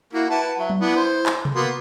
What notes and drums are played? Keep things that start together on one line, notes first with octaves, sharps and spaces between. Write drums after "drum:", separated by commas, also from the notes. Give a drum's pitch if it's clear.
A#3 E4 F#4
E4 B4 F#5 A5
F#3 E5
drum: tom F#3
B3 D4 E4
C5
drum: clap
drum: tom C3
A#3 B3 F#4 C6